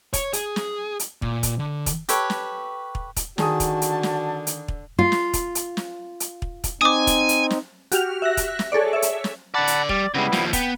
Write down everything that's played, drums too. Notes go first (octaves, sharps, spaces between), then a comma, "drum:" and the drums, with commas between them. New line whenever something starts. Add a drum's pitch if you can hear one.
C#5, drum: kick, hi-hat
G#4, drum: hi-hat
drum: snare
drum: hi-hat
A#2, drum: kick
drum: kick, hi-hat
D3
drum: kick, hi-hat
G4 A4 B4 C#5, drum: hi-hat
drum: snare
drum: kick
drum: kick, hi-hat
D3 D#3 F#4 G#4 A5 D#6, drum: snare
drum: kick, hi-hat
drum: hi-hat
drum: snare
drum: hi-hat
drum: kick
F4
drum: snare
drum: kick, hi-hat
drum: hi-hat
drum: snare
drum: hi-hat
drum: kick
drum: kick, hi-hat
C4 D#4 G#5 D6 D#6
drum: kick, hi-hat
drum: hi-hat
drum: snare
F#4 G4 F6 F7, drum: hi-hat
E5 F#6 A#6
drum: kick, hi-hat
drum: snare
G#4 A4 C#5 D5
C#5 E5
drum: hi-hat
drum: snare
D3 D5 F#5 A5 B5
drum: hi-hat
G3 D5, drum: kick
C#3 G3 G#3 B3 E4
D#2 F3, drum: snare
B3 G5, drum: kick, hi-hat